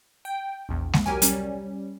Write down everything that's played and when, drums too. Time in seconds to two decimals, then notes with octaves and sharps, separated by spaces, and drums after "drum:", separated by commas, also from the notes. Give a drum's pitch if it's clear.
0.25 G5
0.69 A#1 E2
0.93 drum: snare G#3
1.06 C2 F#3 G4 A#4 G#5
1.22 G3 C#4, drum: hi-hat